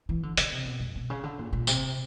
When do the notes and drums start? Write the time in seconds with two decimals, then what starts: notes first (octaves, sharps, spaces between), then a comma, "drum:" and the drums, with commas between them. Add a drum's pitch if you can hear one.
0.09 E3
0.23 D3
0.37 C#3, drum: hi-hat
0.52 C3
0.66 B2
0.80 F2
0.95 B2
1.10 C#3
1.23 D3
1.38 A#2
1.53 A#2
1.67 C3, drum: tambourine